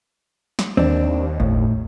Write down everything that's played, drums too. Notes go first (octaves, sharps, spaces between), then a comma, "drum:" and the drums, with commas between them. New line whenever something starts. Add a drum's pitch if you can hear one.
drum: snare
D#2 C4 D4, drum: tom D3
A2, drum: kick G1